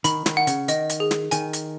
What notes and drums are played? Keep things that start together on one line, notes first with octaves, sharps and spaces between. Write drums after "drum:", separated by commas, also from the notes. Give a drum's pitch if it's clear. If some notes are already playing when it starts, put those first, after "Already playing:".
D#3 B5, drum: hi-hat
D#3, drum: snare
F#5
C#3, drum: hi-hat
D#3 D#5, drum: hi-hat
drum: hi-hat
G#4
drum: snare
D#3 G#5, drum: hi-hat
drum: hi-hat